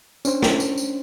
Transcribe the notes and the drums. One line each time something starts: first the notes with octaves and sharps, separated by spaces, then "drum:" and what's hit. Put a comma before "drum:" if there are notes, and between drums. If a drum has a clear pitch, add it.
C#4 D4 C5, drum: tambourine
drum: snare
drum: tambourine
drum: tambourine